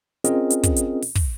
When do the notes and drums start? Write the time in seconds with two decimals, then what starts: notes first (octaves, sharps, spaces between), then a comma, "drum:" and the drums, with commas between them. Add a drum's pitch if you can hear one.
0.24 C4 C#4 F4 G#4 A#4 D#5, drum: hi-hat
0.50 drum: hi-hat
0.63 drum: kick, hi-hat
0.76 drum: hi-hat
1.02 drum: open hi-hat
1.15 drum: kick, open hi-hat